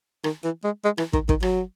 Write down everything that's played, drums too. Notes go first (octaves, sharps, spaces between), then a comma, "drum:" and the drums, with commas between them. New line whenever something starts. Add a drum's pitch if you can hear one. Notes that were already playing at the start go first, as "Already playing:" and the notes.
D#3, drum: rim click
E3
G#3
G#3
E3, drum: rim click
D#3, drum: kick
D#3, drum: kick
F#3, drum: rim click